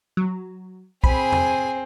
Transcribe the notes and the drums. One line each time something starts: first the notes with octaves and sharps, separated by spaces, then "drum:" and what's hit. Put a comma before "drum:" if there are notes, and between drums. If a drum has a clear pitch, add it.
F#3
C4 G#4 G#5 B5, drum: kick B1
drum: tom E2